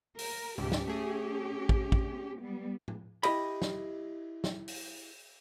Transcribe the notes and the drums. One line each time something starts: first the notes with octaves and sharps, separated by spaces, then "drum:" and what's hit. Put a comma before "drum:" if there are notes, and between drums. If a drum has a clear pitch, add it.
A#4, drum: open hi-hat
C#2 G#2 C#4 G4, drum: tom B2
drum: snare
A3 G#4
drum: kick
drum: kick
G3 B3
drum: tom
E4 G4 D#5 B5, drum: cymbal
drum: snare
drum: snare
drum: open hi-hat